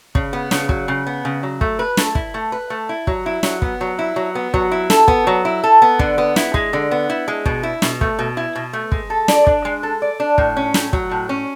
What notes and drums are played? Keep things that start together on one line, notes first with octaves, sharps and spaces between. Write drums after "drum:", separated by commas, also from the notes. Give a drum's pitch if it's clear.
C#3, drum: kick
B3
C#3, drum: snare
F#3, drum: kick
C#3
B3
C#3
F#3
A3, drum: kick
B4
A3, drum: snare
E4, drum: kick
A3
B4
A3
E4
F#3, drum: kick
E4
F#3, drum: snare
B3, drum: kick
F#3
E4
F#3
B3
F#3, drum: kick
E4
A4, drum: snare
B3, drum: kick
F#3
E4
A4
B3
D3, drum: kick
B3
E4, drum: snare
G#3, drum: kick
D3
B3
E4
G#3
B2, drum: kick
E4
B2, drum: snare
A3, drum: kick
B2
E4
B2
A3
G#3, drum: kick
A4
D5, drum: snare
D4, drum: kick
G#3
A4
D5
D4
A2, drum: kick
C#4
A2, drum: snare
F#3, drum: kick
A2
C#4